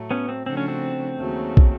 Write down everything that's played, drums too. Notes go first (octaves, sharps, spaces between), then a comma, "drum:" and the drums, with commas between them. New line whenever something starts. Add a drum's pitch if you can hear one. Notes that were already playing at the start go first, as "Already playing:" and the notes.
Already playing: A2 F#3 A3
B3 C#4
C4
C#3 F3 A3 C4 D4 F#4
C#4
C4
D#2 C#3 F#3 A3
drum: kick